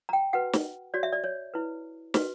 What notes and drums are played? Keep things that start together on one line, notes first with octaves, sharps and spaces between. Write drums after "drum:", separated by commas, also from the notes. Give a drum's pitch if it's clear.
A#5
G5
F#4 B4 F#5
drum: snare
F#4 C#5 D5
E5
D5
C#5
E4 B4
F#4 B4, drum: snare